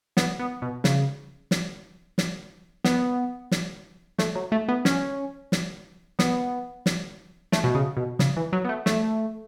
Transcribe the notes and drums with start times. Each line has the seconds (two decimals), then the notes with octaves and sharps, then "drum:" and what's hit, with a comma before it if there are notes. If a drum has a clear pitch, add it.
0.17 B3, drum: snare
0.40 B3
0.62 B2
0.84 C#3, drum: snare
1.51 drum: snare
2.18 drum: snare
2.84 B3, drum: snare
3.51 drum: snare
4.18 A3, drum: snare
4.35 F#3
4.52 A3
4.68 B3
4.85 C#4, drum: snare
5.52 drum: snare
6.19 B3, drum: snare
6.86 drum: snare
7.52 A3, drum: snare
7.64 B2
7.75 C#3
7.97 B2
8.19 C#3, drum: snare
8.37 E3
8.53 F#3
8.65 B3
8.69 A3
8.86 A3, drum: snare